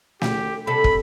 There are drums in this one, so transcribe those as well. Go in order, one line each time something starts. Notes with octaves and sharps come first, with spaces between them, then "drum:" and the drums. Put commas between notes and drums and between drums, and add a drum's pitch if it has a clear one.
D2 G4, drum: snare
C3 G3 A4 B5
drum: kick